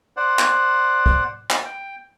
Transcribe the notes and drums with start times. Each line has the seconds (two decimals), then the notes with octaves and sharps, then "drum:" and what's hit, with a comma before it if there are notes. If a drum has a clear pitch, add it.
0.17 C5 D5 F#5
0.39 drum: clap
1.06 drum: kick
1.50 drum: clap
1.65 G5